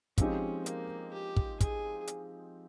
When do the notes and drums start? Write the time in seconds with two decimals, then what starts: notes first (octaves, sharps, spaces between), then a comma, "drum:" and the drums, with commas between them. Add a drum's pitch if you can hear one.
0.18 F3 G#3 C4 C#4 D#4 G4, drum: kick, hi-hat
0.66 A#3, drum: hi-hat
1.13 G4
1.36 drum: kick
1.61 G#4, drum: kick, hi-hat
2.07 drum: hi-hat